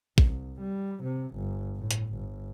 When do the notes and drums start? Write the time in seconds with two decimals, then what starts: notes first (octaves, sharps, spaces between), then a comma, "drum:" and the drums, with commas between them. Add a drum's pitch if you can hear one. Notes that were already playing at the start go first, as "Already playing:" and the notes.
0.18 C2, drum: kick
0.61 G3
1.04 C3
1.36 G1
1.76 A2
1.91 drum: hi-hat
2.15 G1